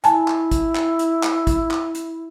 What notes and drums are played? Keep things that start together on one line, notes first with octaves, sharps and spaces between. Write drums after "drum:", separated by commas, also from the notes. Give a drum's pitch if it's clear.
E4 G#5 A5, drum: hi-hat
drum: clap
drum: kick, hi-hat
drum: clap
drum: hi-hat
drum: clap
drum: kick, hi-hat
drum: clap
drum: hi-hat